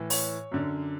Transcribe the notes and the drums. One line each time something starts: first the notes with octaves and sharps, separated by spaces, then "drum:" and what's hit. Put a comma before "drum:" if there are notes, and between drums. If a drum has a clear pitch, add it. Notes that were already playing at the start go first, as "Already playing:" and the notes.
Already playing: A2 E3
C#5, drum: open hi-hat
F#2 D3